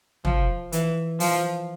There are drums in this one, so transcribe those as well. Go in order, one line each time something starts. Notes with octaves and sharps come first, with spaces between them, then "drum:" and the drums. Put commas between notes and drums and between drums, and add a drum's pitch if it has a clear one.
F3, drum: tom
E3, drum: hi-hat
F3, drum: open hi-hat